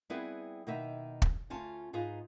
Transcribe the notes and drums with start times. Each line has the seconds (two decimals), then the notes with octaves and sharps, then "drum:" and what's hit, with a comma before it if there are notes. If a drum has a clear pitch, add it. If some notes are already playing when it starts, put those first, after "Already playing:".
0.10 G3 B3 C4 E4 G#4 B4
0.67 B2 D#3 A#3 D#4 E5
1.22 drum: kick
1.50 D2 C#4 F4 A5
1.93 G#2 D#4 F4 G#4 B4